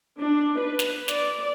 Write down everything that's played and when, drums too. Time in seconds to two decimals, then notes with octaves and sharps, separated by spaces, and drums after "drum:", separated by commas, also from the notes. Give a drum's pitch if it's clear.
0.20 D4
0.60 B4
0.79 drum: snare
1.08 D5, drum: snare